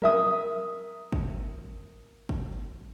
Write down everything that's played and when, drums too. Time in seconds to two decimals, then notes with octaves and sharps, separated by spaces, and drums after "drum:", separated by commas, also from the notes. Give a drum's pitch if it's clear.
0.02 A#4 E5 D#6, drum: tom F3
1.12 drum: kick
2.29 drum: kick